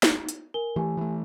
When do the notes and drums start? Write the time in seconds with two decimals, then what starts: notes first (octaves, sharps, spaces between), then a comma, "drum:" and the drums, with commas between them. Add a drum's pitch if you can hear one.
0.03 drum: snare
0.29 drum: hi-hat
0.54 A#4 G#5 G7
0.76 E3 A3 G4 G#5
0.97 E3 A3